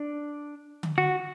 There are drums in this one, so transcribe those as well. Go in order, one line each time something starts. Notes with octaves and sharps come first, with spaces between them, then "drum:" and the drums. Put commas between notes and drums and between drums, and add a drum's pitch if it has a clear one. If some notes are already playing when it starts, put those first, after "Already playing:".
Already playing: D4
drum: tom D3
F#4